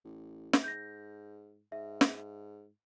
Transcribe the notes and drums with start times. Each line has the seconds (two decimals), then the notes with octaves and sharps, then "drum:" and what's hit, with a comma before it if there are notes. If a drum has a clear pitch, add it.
0.04 A1
0.53 drum: snare
0.64 G#2 G6 A#6
1.72 G#2 E5
2.01 drum: snare